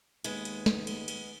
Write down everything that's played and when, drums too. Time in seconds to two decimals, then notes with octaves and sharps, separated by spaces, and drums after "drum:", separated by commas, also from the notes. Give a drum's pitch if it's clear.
0.24 D#2 G#3 B3, drum: cymbal
0.45 drum: cymbal
0.66 drum: snare
0.87 drum: cymbal
1.08 drum: cymbal